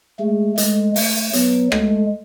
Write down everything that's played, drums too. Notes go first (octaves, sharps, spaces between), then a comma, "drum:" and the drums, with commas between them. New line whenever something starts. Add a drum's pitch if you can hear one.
G#3 A3
G#3 A3, drum: hi-hat
A3, drum: open hi-hat
F#3 B3, drum: hi-hat
G#3 A3, drum: rim click